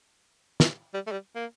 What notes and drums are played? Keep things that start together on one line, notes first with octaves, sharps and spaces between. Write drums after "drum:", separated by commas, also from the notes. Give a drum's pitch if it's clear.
drum: snare
G3
A3
G3
A#3